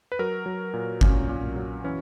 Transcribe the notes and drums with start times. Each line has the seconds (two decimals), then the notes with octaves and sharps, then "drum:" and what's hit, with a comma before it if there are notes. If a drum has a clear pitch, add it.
0.12 B4
0.19 F#3 A#4
0.46 F#3
0.74 A#2
1.01 A#2 C#4, drum: kick G1
1.29 A#2
1.56 F#3
1.84 E3 C#4